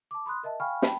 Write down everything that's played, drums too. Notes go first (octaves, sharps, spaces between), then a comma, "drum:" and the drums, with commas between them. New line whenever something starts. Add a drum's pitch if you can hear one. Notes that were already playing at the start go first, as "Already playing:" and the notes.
A5 D6
B5 C6 D#6 F#6
A#4 D#5 E5 A5
F5 G5 G#5 B5 C#6 F6
G5 A5 B5, drum: snare